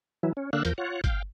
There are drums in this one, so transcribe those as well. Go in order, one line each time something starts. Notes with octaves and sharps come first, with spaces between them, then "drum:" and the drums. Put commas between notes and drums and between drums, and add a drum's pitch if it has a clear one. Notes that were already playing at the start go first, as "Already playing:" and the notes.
E3 F#3 E4
C#4
D3 A#3 D4 F5 E6 F#6
E2 F3 A#4 G6, drum: hi-hat
F4 C#5 F#5
F5 G5, drum: kick G1, hi-hat